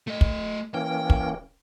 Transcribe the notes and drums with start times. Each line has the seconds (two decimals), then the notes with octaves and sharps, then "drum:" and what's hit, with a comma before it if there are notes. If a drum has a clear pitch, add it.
0.08 A3 D#5
0.21 drum: kick
0.74 E3 A#3 C#4 G5
1.10 drum: kick